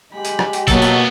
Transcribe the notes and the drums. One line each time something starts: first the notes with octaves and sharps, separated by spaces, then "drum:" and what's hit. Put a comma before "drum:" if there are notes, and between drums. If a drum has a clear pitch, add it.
G#3 G4 B5
drum: hi-hat
drum: rim click
drum: hi-hat
B2 F#3 A#3 B3 A4, drum: kick G1, hi-hat
drum: hi-hat